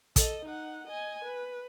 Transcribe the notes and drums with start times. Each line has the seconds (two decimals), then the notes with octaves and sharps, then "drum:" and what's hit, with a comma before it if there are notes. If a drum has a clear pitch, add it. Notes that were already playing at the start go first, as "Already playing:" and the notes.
0.16 A4 D#5, drum: kick, hi-hat
0.45 D#4 F#5
0.87 D#5 G#5
1.25 B4